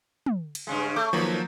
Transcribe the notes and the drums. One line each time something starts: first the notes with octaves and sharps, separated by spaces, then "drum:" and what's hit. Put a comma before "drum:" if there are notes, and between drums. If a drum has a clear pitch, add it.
drum: tom
drum: cymbal
G2 C#3 G#3
A3 D6 G6
D#3 F3 F#3 A#3 B4 C#5